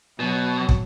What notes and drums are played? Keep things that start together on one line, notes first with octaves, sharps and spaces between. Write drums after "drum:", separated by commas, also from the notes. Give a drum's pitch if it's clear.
B2 F#3
drum: kick